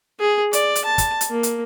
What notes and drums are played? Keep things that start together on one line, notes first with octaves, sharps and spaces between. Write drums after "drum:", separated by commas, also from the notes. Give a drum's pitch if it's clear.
G#4
D5, drum: hi-hat
drum: hi-hat
A5
drum: kick, hi-hat
drum: hi-hat
A#3
drum: hi-hat